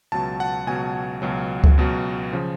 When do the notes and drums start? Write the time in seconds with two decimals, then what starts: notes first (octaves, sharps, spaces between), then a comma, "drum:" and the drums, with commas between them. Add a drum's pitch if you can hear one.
0.12 C#2 B2 F#3 A5
0.40 F#5
0.67 C#2 B2 F#3 G#5
1.22 C#2 B2 F#3
1.64 drum: kick C#2
1.78 C#2 B2 F#3
2.32 C#3 F3